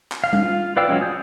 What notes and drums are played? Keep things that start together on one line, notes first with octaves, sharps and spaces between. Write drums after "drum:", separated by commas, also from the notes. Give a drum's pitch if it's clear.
drum: clap
F5
drum: tom G3
F4
B4 D5 F5 G5 E6
F#3 G#3 C#4
D#6 G6